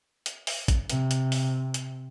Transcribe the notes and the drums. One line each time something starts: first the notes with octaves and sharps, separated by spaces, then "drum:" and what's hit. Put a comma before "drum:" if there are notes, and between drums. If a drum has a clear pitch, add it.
drum: hi-hat
drum: open hi-hat
drum: kick A1, hi-hat
C3, drum: hi-hat
drum: hi-hat
drum: open hi-hat
drum: hi-hat